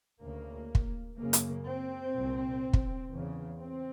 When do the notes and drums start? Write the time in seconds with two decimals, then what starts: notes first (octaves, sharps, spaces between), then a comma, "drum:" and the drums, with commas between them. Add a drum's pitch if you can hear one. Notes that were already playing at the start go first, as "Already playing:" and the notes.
0.23 D2 C#3 A#3
0.75 drum: kick
1.19 F#2 C#3 A#3
1.33 drum: hi-hat
1.67 C4
2.16 C2 A#2
2.73 drum: kick
3.12 E2 C#3
3.60 C4